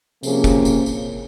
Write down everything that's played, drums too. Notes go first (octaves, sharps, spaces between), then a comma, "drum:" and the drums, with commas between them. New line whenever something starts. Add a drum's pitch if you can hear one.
C3 F3 A#3 C#4 G#4, drum: tambourine
drum: kick, tambourine
drum: tambourine
drum: tambourine